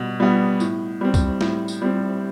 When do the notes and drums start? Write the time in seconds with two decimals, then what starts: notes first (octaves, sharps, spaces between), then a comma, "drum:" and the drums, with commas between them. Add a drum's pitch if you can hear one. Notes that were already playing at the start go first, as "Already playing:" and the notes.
Already playing: B2 G3
0.20 G3 B3
0.60 A2, drum: tambourine
1.01 G3 C4
1.14 drum: kick C#2, tambourine
1.41 A2, drum: snare A3
1.68 drum: tambourine
1.82 G3 C4